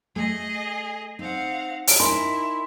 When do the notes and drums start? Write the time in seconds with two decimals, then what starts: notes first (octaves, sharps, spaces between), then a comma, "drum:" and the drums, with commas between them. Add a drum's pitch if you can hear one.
0.16 A3 G#4 D#5
1.19 C4 D#4 F5 F#5
1.87 drum: open hi-hat
2.00 D#4 E4 A#4 G#5 B5 C6